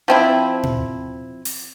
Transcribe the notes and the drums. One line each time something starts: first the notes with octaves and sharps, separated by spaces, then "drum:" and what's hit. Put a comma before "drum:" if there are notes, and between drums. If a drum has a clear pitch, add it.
F3 C4 E4
drum: tom A#2
drum: open hi-hat